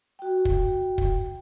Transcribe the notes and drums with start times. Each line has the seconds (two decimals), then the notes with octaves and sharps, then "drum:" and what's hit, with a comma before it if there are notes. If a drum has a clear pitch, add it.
0.19 F#4 G5
0.45 drum: kick
0.98 drum: kick